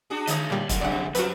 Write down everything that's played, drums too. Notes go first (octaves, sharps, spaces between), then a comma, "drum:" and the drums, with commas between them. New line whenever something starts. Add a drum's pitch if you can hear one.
D4 F#4 G#4
D3 G#3 C#5 D#5, drum: hi-hat
A#2 G3
D3 F#3 A#3, drum: kick, hi-hat
F#2 C3 D5 F#5
F#2 F3 G3 C4 F#4 B4, drum: hi-hat